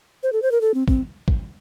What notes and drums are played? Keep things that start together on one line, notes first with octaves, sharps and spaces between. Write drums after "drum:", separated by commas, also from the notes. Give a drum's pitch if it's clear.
C5
A4
C5
A#4
A4
C4
C4, drum: kick
drum: kick